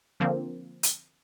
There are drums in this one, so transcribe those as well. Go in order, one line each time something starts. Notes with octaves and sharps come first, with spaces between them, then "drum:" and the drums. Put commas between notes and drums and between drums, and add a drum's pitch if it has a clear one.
D3 F3 A#3 C4
drum: hi-hat